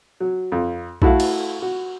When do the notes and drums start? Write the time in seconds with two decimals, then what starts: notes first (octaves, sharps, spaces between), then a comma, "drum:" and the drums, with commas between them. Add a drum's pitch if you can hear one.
0.20 F#3
0.52 F2
1.02 A3 E4 F#4 A4 F5, drum: kick B1
1.20 drum: cymbal
1.62 F#4